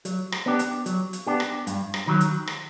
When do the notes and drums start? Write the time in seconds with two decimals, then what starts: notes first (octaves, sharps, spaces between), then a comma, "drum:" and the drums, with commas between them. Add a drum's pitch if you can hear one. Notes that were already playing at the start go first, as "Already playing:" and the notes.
0.05 F#3, drum: hi-hat
0.32 drum: rim click
0.46 B3 D4 G4
0.59 drum: hi-hat
0.86 F#3, drum: hi-hat
1.13 drum: hi-hat
1.27 B3 D4 G4
1.40 drum: rim click
1.67 G2, drum: hi-hat
1.94 drum: rim click
2.07 D#3 F#3
2.21 drum: hi-hat
2.47 drum: rim click